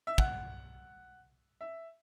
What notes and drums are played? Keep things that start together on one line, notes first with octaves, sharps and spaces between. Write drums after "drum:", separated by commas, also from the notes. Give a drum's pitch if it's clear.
E5
F#5, drum: kick
E5